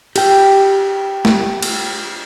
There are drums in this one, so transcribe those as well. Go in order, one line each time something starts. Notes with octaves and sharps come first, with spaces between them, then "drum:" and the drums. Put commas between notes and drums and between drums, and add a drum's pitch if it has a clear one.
G4 G5, drum: cymbal
drum: snare
drum: cymbal